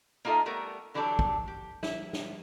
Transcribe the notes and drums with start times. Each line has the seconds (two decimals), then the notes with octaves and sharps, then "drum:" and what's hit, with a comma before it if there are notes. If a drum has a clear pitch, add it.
0.25 A#3 D#4 F4 A4 D#5 E5
0.46 G3 A3 B3 A#4
0.94 D3 E3 F#3 G3 D4 A4
1.19 drum: kick
1.48 G4
1.83 E4, drum: snare
2.13 drum: snare